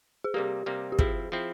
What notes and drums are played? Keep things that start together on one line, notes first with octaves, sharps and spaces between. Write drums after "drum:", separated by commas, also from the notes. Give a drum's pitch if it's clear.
G#4
C3 G3 A#3 G4
C3 G3 A#3
G4
F3 C4 E4 G#4, drum: kick
F3 C4 E4